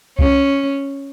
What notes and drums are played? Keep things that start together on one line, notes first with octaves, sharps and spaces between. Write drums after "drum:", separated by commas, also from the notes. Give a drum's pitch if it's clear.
C#4, drum: kick C2